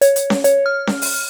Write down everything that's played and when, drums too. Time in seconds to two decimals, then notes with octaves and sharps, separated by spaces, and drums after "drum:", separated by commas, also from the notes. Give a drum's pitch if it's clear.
0.01 C#5, drum: hi-hat
0.16 drum: hi-hat
0.30 drum: snare C#4
0.44 C#5, drum: hi-hat
0.66 F6
0.87 drum: snare C#4
1.02 drum: open hi-hat